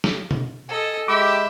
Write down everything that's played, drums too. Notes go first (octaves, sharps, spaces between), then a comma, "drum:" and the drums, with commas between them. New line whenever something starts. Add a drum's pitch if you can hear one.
drum: snare
drum: tom B2
A4 D#5 G#5
G#3 G4 E5 B5 D6